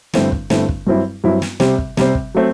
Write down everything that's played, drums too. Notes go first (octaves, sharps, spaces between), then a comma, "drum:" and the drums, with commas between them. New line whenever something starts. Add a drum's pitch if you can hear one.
G2 D3 A3 C4 E4, drum: snare
drum: kick
G2 D3 A3 C4 E4, drum: snare
drum: kick
G2 F#3 C4 E4
G2 F#3 C4 E4
drum: snare
C3 G3 C4, drum: snare
drum: kick
C3 G3 C4, drum: snare
drum: kick
F#3 A3 C4